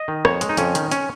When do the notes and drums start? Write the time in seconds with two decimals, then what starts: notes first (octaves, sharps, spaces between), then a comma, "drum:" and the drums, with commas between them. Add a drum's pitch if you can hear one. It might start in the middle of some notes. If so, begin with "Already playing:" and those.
Already playing: D#5
0.08 D#3
0.25 F2 C#5, drum: rim click
0.41 G#3, drum: hi-hat
0.49 D#4
0.57 F2 C#4, drum: hi-hat
0.75 D#3, drum: hi-hat
0.91 C#4, drum: hi-hat